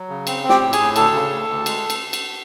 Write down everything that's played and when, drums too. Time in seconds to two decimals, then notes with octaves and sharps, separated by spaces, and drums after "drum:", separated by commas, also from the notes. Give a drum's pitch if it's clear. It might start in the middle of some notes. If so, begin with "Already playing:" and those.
Already playing: F#3
0.09 C#3
0.27 C4, drum: cymbal
0.44 C4
0.49 G4 G5, drum: snare
0.61 A2
0.73 G#4 G#5, drum: cymbal
0.79 A2
0.96 D2 A4 A5, drum: cymbal
1.14 C#3
1.31 D2
1.48 D2
1.66 G#3, drum: cymbal
1.90 drum: cymbal
2.13 drum: cymbal